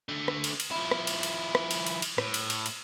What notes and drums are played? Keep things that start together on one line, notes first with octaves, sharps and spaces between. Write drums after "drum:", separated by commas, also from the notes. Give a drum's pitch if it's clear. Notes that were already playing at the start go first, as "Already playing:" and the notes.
D3 A3
drum: rim click
drum: cymbal
drum: cymbal
F3 E4
drum: rim click
drum: cymbal
drum: cymbal
drum: rim click
drum: cymbal
drum: cymbal
drum: cymbal
A2, drum: rim click
drum: cymbal
drum: cymbal
drum: cymbal